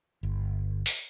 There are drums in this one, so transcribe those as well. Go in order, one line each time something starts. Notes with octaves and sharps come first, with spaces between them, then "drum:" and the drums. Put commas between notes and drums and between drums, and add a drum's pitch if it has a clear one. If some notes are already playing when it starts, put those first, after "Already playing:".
G1
drum: open hi-hat